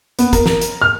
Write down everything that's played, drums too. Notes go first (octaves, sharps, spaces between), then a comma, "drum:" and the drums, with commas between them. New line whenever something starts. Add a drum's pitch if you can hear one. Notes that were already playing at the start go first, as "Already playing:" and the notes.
B3, drum: hi-hat
A#4, drum: kick, hi-hat
A#4, drum: snare
drum: hi-hat
F6